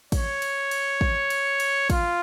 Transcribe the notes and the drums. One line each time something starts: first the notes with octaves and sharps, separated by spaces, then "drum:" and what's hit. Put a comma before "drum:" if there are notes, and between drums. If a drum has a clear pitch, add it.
C#5, drum: kick, cymbal
drum: cymbal
drum: cymbal
drum: kick
drum: cymbal
drum: cymbal
F4, drum: kick, cymbal